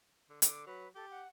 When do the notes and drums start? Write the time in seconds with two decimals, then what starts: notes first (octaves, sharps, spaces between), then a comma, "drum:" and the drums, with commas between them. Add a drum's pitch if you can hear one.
0.30 D3
0.42 D3 D6, drum: hi-hat
0.66 F#3 B4
0.95 G4 A4
1.10 F#5